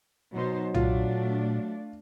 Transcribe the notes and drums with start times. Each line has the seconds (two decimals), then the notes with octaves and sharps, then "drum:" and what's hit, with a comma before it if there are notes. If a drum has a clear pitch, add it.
0.34 B2 F#3 D#4 C5
0.74 A#2 A3 D4 F4, drum: tom B1